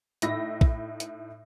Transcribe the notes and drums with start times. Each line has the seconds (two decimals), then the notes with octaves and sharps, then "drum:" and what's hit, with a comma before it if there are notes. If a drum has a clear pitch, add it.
0.22 A2 D#4 B5 E6 A#6, drum: hi-hat
0.61 drum: kick
1.00 drum: hi-hat